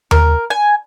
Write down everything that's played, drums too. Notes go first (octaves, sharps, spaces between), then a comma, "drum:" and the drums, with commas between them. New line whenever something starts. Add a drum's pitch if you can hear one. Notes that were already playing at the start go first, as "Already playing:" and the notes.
A#4, drum: tom D#2
G#5